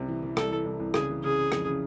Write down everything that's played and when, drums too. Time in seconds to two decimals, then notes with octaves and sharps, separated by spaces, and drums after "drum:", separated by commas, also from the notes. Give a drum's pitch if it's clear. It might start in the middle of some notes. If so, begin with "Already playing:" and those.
Already playing: C2 C3
0.08 E3
0.23 E3
0.37 C2 A4, drum: rim click
0.51 E3
0.66 C2
0.80 C2
0.94 C#3 G#4, drum: rim click
1.09 E3
1.23 C#3 G#4
1.38 C#3
1.52 F2, drum: rim click
1.67 C#3